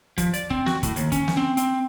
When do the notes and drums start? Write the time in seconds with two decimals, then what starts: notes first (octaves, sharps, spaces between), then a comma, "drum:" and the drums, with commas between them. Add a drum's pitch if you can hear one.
0.18 F3, drum: kick, hi-hat
0.34 D5, drum: hi-hat
0.50 C4, drum: kick
0.66 F#4, drum: snare
0.83 A2, drum: kick, hi-hat
0.96 D#2, drum: hi-hat
1.12 C#4, drum: kick, hi-hat
1.28 drum: snare
1.37 C4
1.57 C4, drum: hi-hat